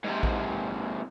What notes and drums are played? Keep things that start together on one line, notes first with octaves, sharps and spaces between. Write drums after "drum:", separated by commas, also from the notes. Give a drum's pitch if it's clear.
G#2 C3
drum: kick A#1